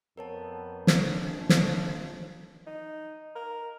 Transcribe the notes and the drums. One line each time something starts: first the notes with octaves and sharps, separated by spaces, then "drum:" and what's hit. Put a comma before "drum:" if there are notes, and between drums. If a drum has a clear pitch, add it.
F2 B3 A#4 C#5 A5
drum: snare
A#1 D#2 F3 D4
drum: snare
D#4
A#4